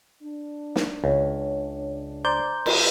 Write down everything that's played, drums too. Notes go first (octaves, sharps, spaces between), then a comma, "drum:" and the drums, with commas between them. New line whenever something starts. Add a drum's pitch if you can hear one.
D4
drum: snare
C#2 C#5
C5 D5 A#5 G6
drum: cymbal